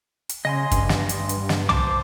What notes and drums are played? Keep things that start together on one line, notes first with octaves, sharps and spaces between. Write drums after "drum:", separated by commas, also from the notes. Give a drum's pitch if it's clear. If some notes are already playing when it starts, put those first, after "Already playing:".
drum: hi-hat
C#3 D#5 G#5 C6
G2, drum: kick G#1, hi-hat
drum: snare
drum: hi-hat
drum: hi-hat
drum: snare
C5 A5 D6, drum: tom B1